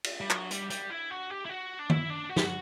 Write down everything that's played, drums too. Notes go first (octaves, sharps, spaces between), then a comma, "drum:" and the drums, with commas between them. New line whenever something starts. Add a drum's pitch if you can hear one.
drum: cymbal
G3
F#3, drum: clap
G3, drum: hi-hat
G3, drum: hi-hat
E4
F#4
G4
E4
F#4
D4
E4, drum: tom D#3
D4
F#4
G4, drum: snare
F#4